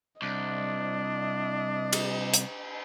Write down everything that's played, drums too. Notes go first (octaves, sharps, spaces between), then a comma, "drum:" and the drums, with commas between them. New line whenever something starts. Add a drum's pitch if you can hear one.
C2 D4 D#5
drum: cymbal
drum: hi-hat